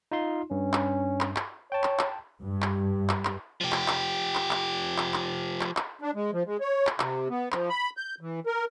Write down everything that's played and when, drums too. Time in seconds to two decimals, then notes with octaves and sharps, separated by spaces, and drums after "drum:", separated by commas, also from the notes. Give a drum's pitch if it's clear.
0.12 D#4 F4 C6
0.51 G2 C#4
0.73 drum: clap
1.21 drum: clap
1.36 drum: clap
1.72 C#5 G5 A5
1.84 drum: clap
1.99 drum: clap
2.43 G2
2.62 drum: clap
3.09 drum: clap
3.25 drum: clap
3.61 F3 G4
3.72 drum: clap
3.88 drum: clap
4.35 drum: clap
4.51 drum: clap
4.98 drum: clap
5.14 drum: clap
5.61 drum: clap
5.77 drum: clap
6.02 D4
6.15 G#3
6.33 F3
6.46 G#3
6.61 C#5
6.87 drum: clap
7.00 C3, drum: clap
7.30 B3
7.52 F3, drum: clap
7.69 B5
7.97 G6
8.21 E3
8.47 A#4